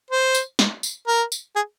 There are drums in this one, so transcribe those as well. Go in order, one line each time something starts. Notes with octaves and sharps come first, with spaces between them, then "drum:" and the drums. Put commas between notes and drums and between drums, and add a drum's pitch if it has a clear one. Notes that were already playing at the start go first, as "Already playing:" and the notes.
C5
drum: tambourine
drum: snare
drum: tambourine
A#4
drum: tambourine
G#4